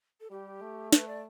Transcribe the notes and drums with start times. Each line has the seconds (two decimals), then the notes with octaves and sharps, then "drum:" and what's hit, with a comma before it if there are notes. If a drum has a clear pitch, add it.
0.21 A4
0.30 G3 G4
0.62 A3
0.93 B4, drum: snare
1.08 D5